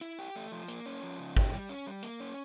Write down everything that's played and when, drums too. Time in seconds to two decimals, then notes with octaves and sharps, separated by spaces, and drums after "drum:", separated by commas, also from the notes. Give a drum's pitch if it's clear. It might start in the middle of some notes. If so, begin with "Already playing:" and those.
0.01 E4, drum: hi-hat
0.19 G4
0.36 A3
0.52 F3
0.68 A#3, drum: hi-hat
0.86 C#4
1.03 F3
1.19 C#3
1.36 G4, drum: kick, hi-hat
1.53 G3
1.69 C#4
1.87 G3
2.03 A#3, drum: hi-hat
2.20 C#4